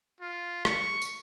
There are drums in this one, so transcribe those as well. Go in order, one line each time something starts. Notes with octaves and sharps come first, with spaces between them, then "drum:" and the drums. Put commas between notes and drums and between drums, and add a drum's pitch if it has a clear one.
F4
C#6, drum: rim click
drum: tambourine